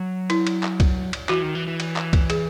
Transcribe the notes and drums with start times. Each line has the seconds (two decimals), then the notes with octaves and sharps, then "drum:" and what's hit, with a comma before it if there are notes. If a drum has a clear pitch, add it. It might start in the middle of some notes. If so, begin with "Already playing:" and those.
Already playing: F#3
0.30 E4, drum: cymbal
0.47 drum: cymbal
0.63 drum: clap
0.80 drum: kick C2, cymbal
1.13 drum: cymbal
1.29 E3 F#4, drum: clap
1.42 D#3
1.55 E3
1.67 E3
1.80 drum: cymbal
1.96 drum: clap
2.13 drum: kick C2, cymbal
2.30 G#4, drum: cymbal